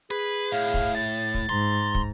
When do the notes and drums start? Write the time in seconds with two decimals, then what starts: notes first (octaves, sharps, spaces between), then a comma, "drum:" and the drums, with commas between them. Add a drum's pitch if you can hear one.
0.11 G#4 B4
0.51 A2 F5
0.74 drum: kick
0.95 A6
1.34 drum: kick
1.49 G#2 A#5 C6
1.95 drum: kick